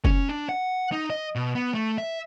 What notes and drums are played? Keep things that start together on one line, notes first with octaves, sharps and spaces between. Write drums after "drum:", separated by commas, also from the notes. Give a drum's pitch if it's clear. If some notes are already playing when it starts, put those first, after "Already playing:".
C#4, drum: kick F1
D4
F#5
D#4
D#5
B2
B3
A3
E5